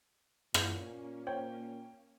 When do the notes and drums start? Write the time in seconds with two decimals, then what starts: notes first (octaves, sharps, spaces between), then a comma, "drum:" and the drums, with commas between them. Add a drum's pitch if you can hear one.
0.54 A#2 A#3 C#4 F#5 G6 G#6, drum: rim click
1.27 C5 C#5 G5